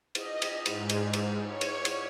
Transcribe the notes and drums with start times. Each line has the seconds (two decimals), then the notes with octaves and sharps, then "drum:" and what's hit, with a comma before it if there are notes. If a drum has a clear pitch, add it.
0.15 D#5, drum: cymbal
0.42 drum: cymbal
0.66 G#2, drum: cymbal
0.89 drum: cymbal
1.13 drum: cymbal
1.44 C#5
1.61 drum: cymbal
1.85 drum: cymbal